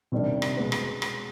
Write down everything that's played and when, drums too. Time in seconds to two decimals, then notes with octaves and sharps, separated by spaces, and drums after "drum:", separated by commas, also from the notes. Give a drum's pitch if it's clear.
0.12 C3 D#3 G3 A#3 D4
0.42 drum: rim click
0.57 B2 G#3 B3
0.72 drum: rim click
1.02 drum: rim click